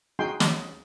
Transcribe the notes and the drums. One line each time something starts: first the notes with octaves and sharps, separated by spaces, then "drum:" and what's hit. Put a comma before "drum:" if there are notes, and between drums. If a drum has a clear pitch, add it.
D#4 F#4 G#4 G5 G#5 C6
D#5, drum: snare